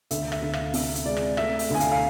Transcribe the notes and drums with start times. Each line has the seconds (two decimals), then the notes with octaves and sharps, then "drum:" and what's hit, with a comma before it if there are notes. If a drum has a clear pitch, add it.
0.11 D2 E5, drum: hi-hat
0.32 E5, drum: rim click
0.42 D2
0.53 F5, drum: rim click
0.74 C3 E5, drum: open hi-hat
0.95 drum: hi-hat
1.05 G#3 D5
1.17 drum: rim click
1.37 A3 E5, drum: rim click
1.59 drum: open hi-hat
1.70 D2 G#5
1.80 F5, drum: hi-hat
1.92 F5